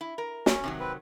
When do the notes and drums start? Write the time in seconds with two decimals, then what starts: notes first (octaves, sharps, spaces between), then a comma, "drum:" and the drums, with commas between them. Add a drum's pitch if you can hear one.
0.01 E4
0.18 A#4
0.46 C#4, drum: snare
0.64 C3 D#3 F#3
0.80 C4 B4